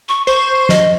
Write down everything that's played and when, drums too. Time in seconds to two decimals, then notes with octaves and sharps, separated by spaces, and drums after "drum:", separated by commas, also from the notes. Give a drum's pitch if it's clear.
0.09 C#6
0.27 C5 C#6
0.69 D#5, drum: snare